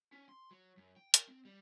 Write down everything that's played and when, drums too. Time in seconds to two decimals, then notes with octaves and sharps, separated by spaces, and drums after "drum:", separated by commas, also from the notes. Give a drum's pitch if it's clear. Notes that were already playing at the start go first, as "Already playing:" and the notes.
0.12 C#4
0.29 C6
0.51 F#3
0.77 F#2
0.96 G5
1.14 A#4, drum: hi-hat
1.28 C4
1.45 G3